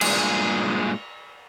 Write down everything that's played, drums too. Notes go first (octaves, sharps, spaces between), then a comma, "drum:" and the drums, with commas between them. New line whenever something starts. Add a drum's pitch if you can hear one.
G2 A#2 G#3 G#4, drum: cymbal